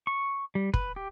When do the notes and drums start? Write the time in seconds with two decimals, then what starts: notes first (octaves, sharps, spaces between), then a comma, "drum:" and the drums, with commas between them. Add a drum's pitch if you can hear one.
0.07 C#6
0.55 G3
0.74 B4, drum: kick
0.96 G4